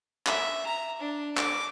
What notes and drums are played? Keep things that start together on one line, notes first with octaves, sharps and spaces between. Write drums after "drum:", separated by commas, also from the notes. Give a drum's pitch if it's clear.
E5, drum: clap
A#5
D4
D6, drum: clap